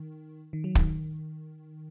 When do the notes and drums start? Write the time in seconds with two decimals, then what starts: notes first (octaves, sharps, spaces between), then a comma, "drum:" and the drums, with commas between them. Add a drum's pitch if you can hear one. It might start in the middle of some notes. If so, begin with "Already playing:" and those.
Already playing: D#3
0.53 D#3
0.64 F#3
0.75 D#3, drum: kick